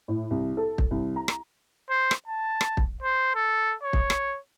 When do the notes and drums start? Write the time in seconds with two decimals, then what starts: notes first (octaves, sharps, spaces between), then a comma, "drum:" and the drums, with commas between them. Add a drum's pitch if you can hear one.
0.08 A2
0.31 C2
0.57 A4
0.78 drum: kick
0.91 C2
1.16 A#5
1.28 drum: rim click
1.90 C5
2.11 drum: rim click
2.27 A5
2.61 drum: rim click
2.77 drum: kick
3.02 C5
3.35 A4
3.83 C#5
3.93 drum: kick
4.10 drum: rim click